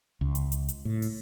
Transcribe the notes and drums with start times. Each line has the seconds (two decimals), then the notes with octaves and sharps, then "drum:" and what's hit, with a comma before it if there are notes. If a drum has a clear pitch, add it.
0.21 C#2
0.35 drum: hi-hat
0.52 drum: hi-hat
0.68 drum: hi-hat
0.85 A2
1.02 drum: open hi-hat